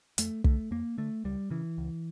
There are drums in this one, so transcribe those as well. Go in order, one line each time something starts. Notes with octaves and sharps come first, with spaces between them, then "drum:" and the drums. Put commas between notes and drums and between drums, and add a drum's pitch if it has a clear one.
F2 A3, drum: hi-hat
D3 A3, drum: kick
F2 A#3
D3 A3
C#2 G3
C#3 E3
C#2